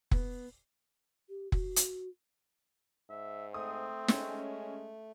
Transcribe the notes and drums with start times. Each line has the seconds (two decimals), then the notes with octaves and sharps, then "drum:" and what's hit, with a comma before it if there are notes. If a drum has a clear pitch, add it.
0.11 B3, drum: kick F1
1.29 G4
1.52 F#4, drum: kick F1
1.76 drum: hi-hat
3.10 G#2 E5
3.54 A3 C4 D#6
4.08 G#3 C#4, drum: snare